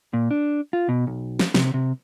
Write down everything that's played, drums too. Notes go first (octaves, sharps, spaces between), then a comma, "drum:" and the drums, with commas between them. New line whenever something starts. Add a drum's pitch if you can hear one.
A#2
D4
F4
B2
B1
drum: snare
C3, drum: snare
C3